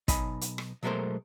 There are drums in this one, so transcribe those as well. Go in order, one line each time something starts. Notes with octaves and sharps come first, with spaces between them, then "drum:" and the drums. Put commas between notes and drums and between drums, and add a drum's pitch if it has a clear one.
B1 D#4 G#5 B5, drum: kick, hi-hat
drum: hi-hat
drum: rim click
B2 F#3 G#3 A3 A#4 C5